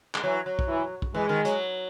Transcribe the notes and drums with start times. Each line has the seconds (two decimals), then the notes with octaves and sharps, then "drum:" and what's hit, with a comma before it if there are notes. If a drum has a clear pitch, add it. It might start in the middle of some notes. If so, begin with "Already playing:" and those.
0.15 G#3, drum: clap
0.24 E3 F#3
0.46 F#3
0.59 drum: kick
0.68 E3
1.02 drum: kick
1.15 E3 G#3
1.29 D#3
1.45 F#3, drum: hi-hat